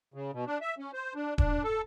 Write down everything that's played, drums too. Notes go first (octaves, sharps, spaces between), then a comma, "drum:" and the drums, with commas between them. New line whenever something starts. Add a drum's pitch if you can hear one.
C#3
B2
D4
E5
C#4
C5
D4
D4, drum: kick D#1
A4